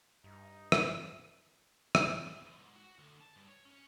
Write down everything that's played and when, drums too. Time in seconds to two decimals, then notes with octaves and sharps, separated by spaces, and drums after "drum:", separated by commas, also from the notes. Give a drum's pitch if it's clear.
0.24 G2 D#4
0.72 drum: rim click
1.95 drum: rim click
2.26 B1
2.45 E2
2.58 G#2
2.76 F#4
2.98 D2
3.21 A5
3.36 G2
3.48 C#5
3.65 C#4